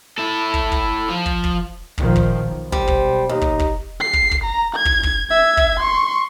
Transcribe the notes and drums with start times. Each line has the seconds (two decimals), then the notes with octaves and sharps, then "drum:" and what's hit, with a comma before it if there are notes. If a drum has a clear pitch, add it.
0.18 E4 A4
0.54 drum: kick
0.72 drum: kick
1.09 F3
1.26 drum: kick
1.44 drum: kick
1.98 A#2 D#3 F3, drum: kick
2.16 drum: kick
2.39 B1
2.72 G3 C5, drum: kick
2.87 drum: kick
3.29 D#2 D#4
3.41 drum: kick
3.59 drum: kick
4.00 C7
4.13 drum: kick
4.31 drum: kick
4.44 A#5
4.75 G#6
4.85 drum: kick
5.03 drum: kick
5.30 E5 G#6
5.57 drum: kick
5.80 C6 C#6